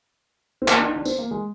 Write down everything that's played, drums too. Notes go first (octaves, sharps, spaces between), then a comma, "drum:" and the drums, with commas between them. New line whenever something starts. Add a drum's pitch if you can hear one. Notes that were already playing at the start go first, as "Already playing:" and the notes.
C4
A#3, drum: clap
D4
D#4
D4
C4, drum: tambourine
A#3
G#3